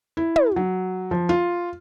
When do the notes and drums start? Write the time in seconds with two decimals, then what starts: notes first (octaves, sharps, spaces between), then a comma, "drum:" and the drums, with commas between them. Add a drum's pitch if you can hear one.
0.17 E4
0.36 drum: tom
0.56 F#3
1.11 F3
1.29 F4